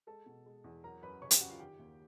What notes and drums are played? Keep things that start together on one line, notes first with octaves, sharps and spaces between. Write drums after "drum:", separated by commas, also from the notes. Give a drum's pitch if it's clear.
G#3 A4 A5
B2
G#3
E2
F#3 A#4 A#5
F#2 B4 B5
C#3 C#5 C#6
G4 G5, drum: hi-hat
F#2 F#4 F#5
F4 F5
D#3 G4 G5
D#2